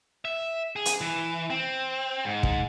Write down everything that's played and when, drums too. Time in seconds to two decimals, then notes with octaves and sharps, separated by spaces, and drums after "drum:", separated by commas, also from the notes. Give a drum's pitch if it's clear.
0.25 E5
0.76 G#4
0.85 drum: hi-hat
1.01 E3
1.50 C4
2.25 G#2
2.43 drum: kick